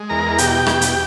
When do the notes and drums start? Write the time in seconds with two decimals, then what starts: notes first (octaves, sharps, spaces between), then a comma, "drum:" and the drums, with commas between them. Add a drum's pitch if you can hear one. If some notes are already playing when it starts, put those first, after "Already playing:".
Already playing: G#3
0.09 E2 A#4 A#5
0.38 B2 G4 G5, drum: hi-hat
0.67 E2, drum: rim click
0.81 drum: hi-hat